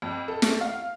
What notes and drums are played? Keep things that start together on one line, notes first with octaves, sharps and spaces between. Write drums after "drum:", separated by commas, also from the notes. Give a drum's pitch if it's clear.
F2
A4
A3, drum: snare
F5